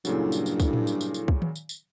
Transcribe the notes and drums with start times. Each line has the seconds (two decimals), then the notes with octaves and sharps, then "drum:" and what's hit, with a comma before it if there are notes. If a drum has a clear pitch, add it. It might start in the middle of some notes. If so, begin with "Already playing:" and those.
0.05 G2 A#2 C#3 F#3 E4 A4, drum: tambourine
0.32 drum: tambourine
0.46 drum: tambourine
0.60 drum: kick, tambourine
0.73 drum: tom A2
0.87 drum: tambourine
1.01 drum: tambourine
1.14 drum: tambourine
1.28 drum: kick
1.42 drum: tom D#3
1.56 drum: tambourine
1.69 drum: tambourine